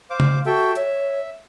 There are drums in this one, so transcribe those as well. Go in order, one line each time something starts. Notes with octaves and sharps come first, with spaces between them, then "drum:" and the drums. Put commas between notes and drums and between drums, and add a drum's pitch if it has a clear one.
C5 F5 D6
drum: tom
F#4 A4 E5 G5
C#5 E5